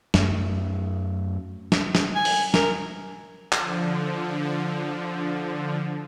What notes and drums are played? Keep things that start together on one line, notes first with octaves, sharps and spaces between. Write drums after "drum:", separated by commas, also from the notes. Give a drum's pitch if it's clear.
F#2 A3, drum: snare
drum: snare
drum: snare
G#5
drum: open hi-hat
A#4, drum: snare
D3 F3, drum: clap